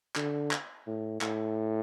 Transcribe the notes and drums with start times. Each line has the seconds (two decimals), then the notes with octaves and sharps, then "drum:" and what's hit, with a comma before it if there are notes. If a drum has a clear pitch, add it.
0.16 D3, drum: clap
0.51 drum: clap
0.87 A2
1.21 A2, drum: clap